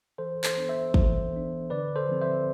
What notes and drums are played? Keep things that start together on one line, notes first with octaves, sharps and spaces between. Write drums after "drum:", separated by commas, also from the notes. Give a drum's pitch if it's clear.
E3 A4 C5
A4 C5, drum: clap
B3 D4
C5 E5
E3, drum: kick
B3 D4
D3 B4 D5
A4 C5
F3 C4
C5 E5